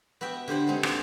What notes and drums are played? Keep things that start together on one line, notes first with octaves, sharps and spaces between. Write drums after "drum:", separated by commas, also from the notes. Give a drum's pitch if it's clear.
B3 F#4 E5 G5
D3 G4 C5 F#5
G#3 A3 C4 D#4
A5, drum: rim click